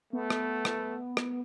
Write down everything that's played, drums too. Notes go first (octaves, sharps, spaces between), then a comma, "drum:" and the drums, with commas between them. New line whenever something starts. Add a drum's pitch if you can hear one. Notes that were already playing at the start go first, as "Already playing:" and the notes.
A3 B3
drum: rim click
drum: rim click
drum: rim click